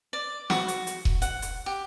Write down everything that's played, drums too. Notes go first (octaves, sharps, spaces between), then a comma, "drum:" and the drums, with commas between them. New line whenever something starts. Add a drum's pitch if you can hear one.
D5
F#4, drum: snare
drum: hi-hat
drum: hi-hat
drum: kick E1
F#5, drum: hi-hat
drum: hi-hat
G4